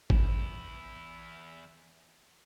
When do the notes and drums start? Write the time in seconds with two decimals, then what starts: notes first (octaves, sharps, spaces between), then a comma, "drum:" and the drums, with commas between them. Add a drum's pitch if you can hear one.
0.10 E2 E4, drum: kick G#1